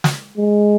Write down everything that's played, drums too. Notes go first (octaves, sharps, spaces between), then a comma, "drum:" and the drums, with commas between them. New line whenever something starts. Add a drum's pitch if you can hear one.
drum: snare
G#3